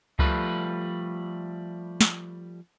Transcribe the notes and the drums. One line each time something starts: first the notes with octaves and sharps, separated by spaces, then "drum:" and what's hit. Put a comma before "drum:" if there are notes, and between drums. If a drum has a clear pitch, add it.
F3 G3 A3 B4, drum: kick C#2
drum: snare